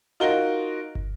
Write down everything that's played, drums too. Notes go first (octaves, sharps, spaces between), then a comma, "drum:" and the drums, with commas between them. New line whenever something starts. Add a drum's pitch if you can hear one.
D#4 F4 F#4 A#4 G7
drum: kick